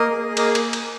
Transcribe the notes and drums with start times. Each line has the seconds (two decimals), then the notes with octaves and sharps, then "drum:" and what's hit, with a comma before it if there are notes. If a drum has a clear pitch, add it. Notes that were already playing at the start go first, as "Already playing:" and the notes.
Already playing: A#3 A#4 D#5
0.11 G#4
0.37 A#3 A#4 D#5, drum: cymbal
0.55 drum: cymbal
0.73 drum: cymbal